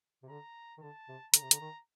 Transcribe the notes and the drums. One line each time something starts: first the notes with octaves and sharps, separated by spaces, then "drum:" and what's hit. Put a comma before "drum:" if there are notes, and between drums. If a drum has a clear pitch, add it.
C3
D3 A#5
D#3
D3 A5
C3
D3 A#5, drum: hi-hat
C3
D3, drum: hi-hat
D#3